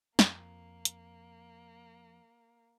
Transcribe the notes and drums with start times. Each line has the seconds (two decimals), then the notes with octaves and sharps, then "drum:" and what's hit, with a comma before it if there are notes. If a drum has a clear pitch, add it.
0.19 F2 A#3, drum: snare
0.85 drum: hi-hat